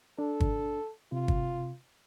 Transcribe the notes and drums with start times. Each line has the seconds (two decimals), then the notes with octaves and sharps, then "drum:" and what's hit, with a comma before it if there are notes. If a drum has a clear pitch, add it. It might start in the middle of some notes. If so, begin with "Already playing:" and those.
0.19 D4 A4
0.40 drum: kick
1.12 C3 F4
1.28 drum: kick